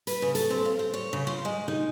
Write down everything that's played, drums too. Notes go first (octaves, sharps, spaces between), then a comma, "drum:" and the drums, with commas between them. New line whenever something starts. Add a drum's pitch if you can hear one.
B4, drum: hi-hat
C#3
A4, drum: hi-hat
C4
F5
C5
C#5
C#3
F4
G#3
D#4, drum: tom A#2